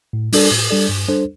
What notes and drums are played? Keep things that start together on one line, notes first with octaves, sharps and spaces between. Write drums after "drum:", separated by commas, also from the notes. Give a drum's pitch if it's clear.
A2
G3 D4 A4 D5, drum: open hi-hat
A2
G3 D4 A4 D5
G2
G3 D4 A4 C5